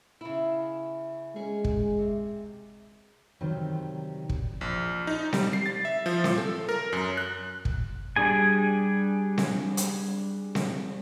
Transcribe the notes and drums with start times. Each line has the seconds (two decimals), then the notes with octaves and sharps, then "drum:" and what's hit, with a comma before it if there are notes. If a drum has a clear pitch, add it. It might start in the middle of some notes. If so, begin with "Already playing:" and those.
0.21 C#3 E4
1.36 G#3 C#4 G#4
1.64 drum: kick
1.98 C3
3.41 C3 D#3 F#3 G3
4.29 drum: kick
4.61 A#1
5.07 D#4
5.33 G3, drum: snare C4
5.53 C7
5.66 A6
5.85 E5
6.06 F3
6.24 A#2, drum: snare C4
6.38 A4
6.69 A#4
6.93 F#2
7.17 F#6
7.65 drum: kick
8.16 G3 D4 G#4 G#5
9.38 drum: snare C4
9.77 drum: hi-hat
10.55 drum: snare C4